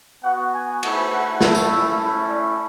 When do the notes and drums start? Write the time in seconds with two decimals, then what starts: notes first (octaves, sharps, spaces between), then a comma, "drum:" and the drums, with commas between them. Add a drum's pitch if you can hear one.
0.24 B3 F#4 F#5
0.53 G#5
0.83 A3 E4, drum: cymbal
1.11 F#5
1.41 A3 C#4 E4, drum: snare
1.55 drum: tambourine
1.69 E5
1.99 A3 C#4 E4
2.28 D5